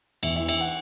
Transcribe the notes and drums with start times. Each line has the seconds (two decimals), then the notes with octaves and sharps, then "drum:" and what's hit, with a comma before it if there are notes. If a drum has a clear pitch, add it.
0.23 E2 E5, drum: cymbal
0.36 E5
0.40 E3
0.48 E5, drum: cymbal
0.61 F#5